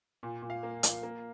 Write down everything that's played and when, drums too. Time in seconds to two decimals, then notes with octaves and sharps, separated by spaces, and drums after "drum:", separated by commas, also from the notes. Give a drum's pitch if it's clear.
0.23 A#2
0.43 A#2
0.50 F5
0.63 A#3
0.83 F3, drum: hi-hat
1.03 A#3